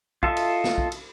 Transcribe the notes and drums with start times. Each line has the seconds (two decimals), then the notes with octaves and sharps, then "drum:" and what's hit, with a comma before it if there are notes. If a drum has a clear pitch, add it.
0.23 F4 A4 D#5 E5, drum: kick
0.37 drum: cymbal
0.64 drum: snare
0.78 drum: kick
0.92 drum: cymbal